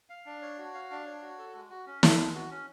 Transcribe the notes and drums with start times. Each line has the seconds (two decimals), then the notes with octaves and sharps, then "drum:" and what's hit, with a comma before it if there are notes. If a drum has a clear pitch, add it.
0.10 F5
0.26 D4
0.42 C#5
0.58 F#4
0.74 F5
0.91 D4
1.06 C#5
1.22 F#4
1.38 A4
1.55 G#3
1.70 F#4
1.86 C#4
2.03 A4, drum: snare
2.19 G#3
2.35 F#4
2.51 C#4